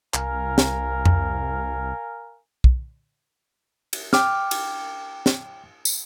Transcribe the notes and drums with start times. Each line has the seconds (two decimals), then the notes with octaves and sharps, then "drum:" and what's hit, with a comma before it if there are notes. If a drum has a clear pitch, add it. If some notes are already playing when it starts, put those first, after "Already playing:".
0.14 C2 A#4 F5 G#5, drum: clap
0.58 drum: snare
1.05 drum: tom F2
2.64 drum: kick
3.93 drum: cymbal
4.13 G5 D6 F6, drum: snare
4.51 drum: cymbal
5.26 drum: snare
5.85 drum: tambourine